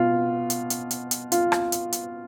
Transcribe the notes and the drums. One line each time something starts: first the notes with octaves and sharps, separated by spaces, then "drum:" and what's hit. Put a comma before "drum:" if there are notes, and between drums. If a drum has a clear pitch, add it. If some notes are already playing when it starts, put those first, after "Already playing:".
Already playing: B2 F4
drum: hi-hat
drum: hi-hat
drum: hi-hat
drum: hi-hat
F4, drum: hi-hat
drum: rim click
drum: hi-hat
drum: hi-hat